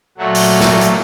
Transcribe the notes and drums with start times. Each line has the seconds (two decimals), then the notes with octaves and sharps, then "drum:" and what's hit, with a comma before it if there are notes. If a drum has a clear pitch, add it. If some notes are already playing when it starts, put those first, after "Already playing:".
0.18 A#2 F#3 A3 F#4
0.35 drum: open hi-hat
0.61 drum: snare
0.81 drum: hi-hat